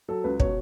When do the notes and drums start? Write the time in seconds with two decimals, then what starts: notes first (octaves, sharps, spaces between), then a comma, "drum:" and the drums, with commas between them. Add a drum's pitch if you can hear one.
0.08 F#3 A4
0.24 C#2 B4
0.40 B2 C#5, drum: kick